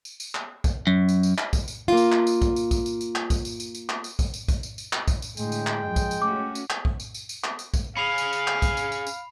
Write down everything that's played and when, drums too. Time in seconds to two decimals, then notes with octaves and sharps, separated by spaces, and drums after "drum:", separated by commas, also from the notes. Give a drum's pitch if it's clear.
0.05 drum: tambourine
0.20 drum: tambourine
0.35 drum: clap
0.64 drum: kick A#1, tambourine
0.87 F#2
1.09 drum: tambourine
1.23 drum: tambourine
1.38 drum: clap
1.53 drum: kick A#1, tambourine
1.68 drum: tambourine
1.88 A#3 F4
1.97 drum: tambourine
2.12 drum: clap
2.27 drum: tambourine
2.42 drum: kick A#1, tambourine
2.56 drum: tambourine
2.71 drum: kick A#1, tambourine
2.86 drum: tambourine
3.01 drum: tambourine
3.15 drum: clap
3.30 drum: kick A#1, tambourine
3.45 drum: tambourine
3.60 drum: tambourine
3.75 drum: tambourine
3.89 drum: clap
4.04 drum: tambourine
4.19 drum: kick A#1, tambourine
4.34 drum: tambourine
4.48 drum: kick A#1, tambourine
4.63 drum: tambourine
4.78 drum: tambourine
4.93 drum: clap
5.08 drum: kick A#1, tambourine
5.22 drum: tambourine
5.37 A2 D3 G#3 G5, drum: tambourine
5.52 drum: tambourine
5.67 drum: clap
5.85 F#2 F3
5.96 drum: kick A#1, tambourine
6.11 drum: tambourine
6.22 A3 C#4 F#4 D6
6.55 drum: tambourine
6.70 drum: clap
6.85 drum: kick A#1
7.00 drum: tambourine
7.14 drum: tambourine
7.29 drum: tambourine
7.44 drum: clap
7.59 drum: tambourine
7.74 drum: kick A#1, tambourine
7.97 C#4 G#4 F5 B5 C7 F7
8.18 drum: tambourine
8.33 drum: tambourine
8.47 drum: clap
8.62 drum: kick A#1, tambourine
8.77 drum: tambourine
8.92 drum: tambourine
9.07 drum: tambourine